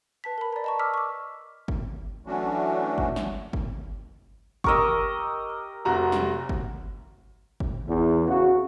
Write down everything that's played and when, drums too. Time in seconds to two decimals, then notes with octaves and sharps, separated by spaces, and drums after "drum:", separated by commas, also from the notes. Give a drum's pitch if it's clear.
0.24 B4 A5 B6
0.38 A#4 B5
0.53 D5 A#5
0.64 D#5 A5 C#6
0.79 D6 E6 F6 B6
0.94 C#6 D6
1.68 drum: kick G1
2.26 E3 F#3 A3 C#4 D4 F#4
2.98 drum: kick G1
3.16 drum: snare
3.53 drum: kick G1
4.64 G4 A#4 D#5 C#6 E6, drum: kick G1
5.85 F1 F#4 A#5
6.12 drum: snare
6.49 drum: kick G1
7.60 drum: kick G1
7.89 E2
8.28 C#3 F#4